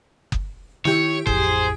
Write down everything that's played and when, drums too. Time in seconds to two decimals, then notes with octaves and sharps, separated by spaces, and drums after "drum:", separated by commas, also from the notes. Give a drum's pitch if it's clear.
0.32 drum: kick F#1
0.85 D#3 E4 G4 C#5, drum: snare
1.27 A1 F2 G#4 C5, drum: kick F#1